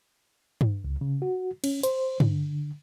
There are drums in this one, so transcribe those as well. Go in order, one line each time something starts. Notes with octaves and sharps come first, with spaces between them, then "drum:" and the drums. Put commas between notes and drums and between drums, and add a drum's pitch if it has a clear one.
drum: tom G2
C#2
C#3
F#4
C#4, drum: cymbal
C5, drum: hi-hat
D3, drum: tom G2